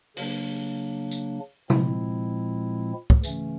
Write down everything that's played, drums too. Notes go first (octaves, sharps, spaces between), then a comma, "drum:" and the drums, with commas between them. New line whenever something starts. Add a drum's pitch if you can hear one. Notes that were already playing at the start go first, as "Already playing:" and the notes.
C#3 F#3 A#3 D4, drum: open hi-hat
drum: tambourine
A#2 F3 G#3 C4 E4, drum: tom C3
drum: kick
C#3 E3 A3 C#4, drum: tambourine